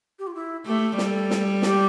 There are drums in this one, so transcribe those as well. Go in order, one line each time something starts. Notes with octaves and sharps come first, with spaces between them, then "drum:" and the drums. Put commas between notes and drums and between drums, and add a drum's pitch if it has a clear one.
G4
F4
E4
A3 G4
G3 A4, drum: snare
drum: snare
G4, drum: snare